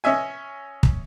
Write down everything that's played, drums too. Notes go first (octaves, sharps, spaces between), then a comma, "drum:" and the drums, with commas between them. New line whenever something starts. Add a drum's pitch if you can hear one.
C#4 D#5 E5 G#5
drum: kick